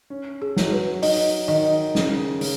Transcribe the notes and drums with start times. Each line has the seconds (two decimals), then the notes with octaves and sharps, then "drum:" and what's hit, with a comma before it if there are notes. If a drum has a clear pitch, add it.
0.10 C#4
0.42 G#4
0.56 F#3, drum: snare
0.72 B4
1.02 D#4 D#5, drum: open hi-hat
1.48 D#3 D#5
1.95 C#3, drum: snare
2.41 C#3, drum: open hi-hat